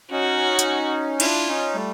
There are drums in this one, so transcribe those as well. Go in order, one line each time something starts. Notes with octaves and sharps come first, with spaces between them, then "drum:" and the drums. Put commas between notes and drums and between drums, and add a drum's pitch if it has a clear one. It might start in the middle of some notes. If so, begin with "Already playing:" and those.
C#4 D#4 F#4
drum: hi-hat
D4 E4 F4, drum: cymbal
C#4 D#4
G3 A3